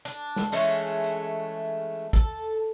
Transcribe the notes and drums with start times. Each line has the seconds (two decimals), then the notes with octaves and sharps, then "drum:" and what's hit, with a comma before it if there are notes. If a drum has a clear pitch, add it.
0.05 D4, drum: hi-hat
0.36 drum: snare
0.52 E3 G#3 A3 C#4
1.04 drum: hi-hat
2.13 A4, drum: kick